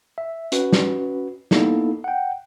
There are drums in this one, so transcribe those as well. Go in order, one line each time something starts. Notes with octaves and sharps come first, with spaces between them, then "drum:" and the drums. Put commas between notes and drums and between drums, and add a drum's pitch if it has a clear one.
E5
C#4 F#4 B4, drum: hi-hat
drum: snare
A#3 B3 D#4 E4 A4, drum: snare
F#5 G5